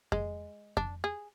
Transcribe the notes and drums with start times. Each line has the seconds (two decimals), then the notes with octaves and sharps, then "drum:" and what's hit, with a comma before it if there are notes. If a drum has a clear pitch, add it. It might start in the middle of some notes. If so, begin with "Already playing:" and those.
0.12 G#3, drum: kick F2
0.77 D4, drum: kick F2
1.04 G#4